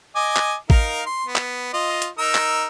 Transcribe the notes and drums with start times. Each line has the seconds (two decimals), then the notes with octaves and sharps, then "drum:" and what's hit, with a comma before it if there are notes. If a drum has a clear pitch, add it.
0.16 D#5 G#5 D6
0.36 drum: clap
0.70 D#4 A#4 F5, drum: kick
1.06 C6
1.26 B3
1.36 drum: clap
1.73 F4 D#5
2.02 drum: hi-hat
2.18 D#4 A#4 E6
2.35 drum: clap